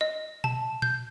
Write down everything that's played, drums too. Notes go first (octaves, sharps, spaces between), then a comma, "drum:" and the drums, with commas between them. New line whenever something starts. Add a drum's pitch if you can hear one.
D#5
A5, drum: tom A#2
G6, drum: tom A#2